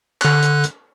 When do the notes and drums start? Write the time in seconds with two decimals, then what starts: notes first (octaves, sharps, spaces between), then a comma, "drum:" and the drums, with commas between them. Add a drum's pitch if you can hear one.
0.21 D3 F#6, drum: clap
0.43 drum: hi-hat
0.64 drum: hi-hat